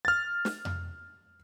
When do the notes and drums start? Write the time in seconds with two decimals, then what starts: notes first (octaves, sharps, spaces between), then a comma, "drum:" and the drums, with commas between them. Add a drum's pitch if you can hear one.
0.05 F6 A6
0.45 drum: snare
0.65 drum: tom F2